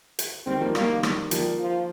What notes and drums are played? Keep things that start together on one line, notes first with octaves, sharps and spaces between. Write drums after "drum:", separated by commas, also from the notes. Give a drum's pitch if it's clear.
drum: hi-hat
D#3 G3 C4
F3 A#3
D#3 G3 A#3, drum: rim click
drum: rim click
F3 G3 A#3, drum: hi-hat
F3